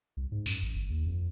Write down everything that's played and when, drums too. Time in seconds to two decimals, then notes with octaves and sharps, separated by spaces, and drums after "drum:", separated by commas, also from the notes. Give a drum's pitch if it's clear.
0.17 C2
0.32 G#2
0.46 F#2, drum: tambourine
0.62 A1
0.76 G1
0.90 D#2
1.07 F2